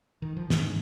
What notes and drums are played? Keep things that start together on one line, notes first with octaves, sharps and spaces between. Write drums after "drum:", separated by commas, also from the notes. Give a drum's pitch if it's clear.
D#3
F3
G#2 D#3, drum: snare